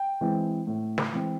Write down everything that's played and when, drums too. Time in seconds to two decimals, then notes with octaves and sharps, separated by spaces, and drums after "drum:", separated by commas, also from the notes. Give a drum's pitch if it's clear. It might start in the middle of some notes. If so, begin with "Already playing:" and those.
Already playing: G5
0.21 E3 G#3 C4
0.67 A2
0.98 drum: snare
1.13 E3 G#3 C4